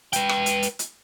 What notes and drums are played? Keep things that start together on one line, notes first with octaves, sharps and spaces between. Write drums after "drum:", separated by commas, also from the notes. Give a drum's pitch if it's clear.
B4 G5, drum: hi-hat
drum: rim click
drum: hi-hat
drum: hi-hat
drum: hi-hat